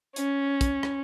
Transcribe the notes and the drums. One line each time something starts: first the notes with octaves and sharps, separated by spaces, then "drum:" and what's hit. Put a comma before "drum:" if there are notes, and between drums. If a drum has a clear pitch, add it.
C#4, drum: hi-hat
drum: kick, hi-hat
drum: rim click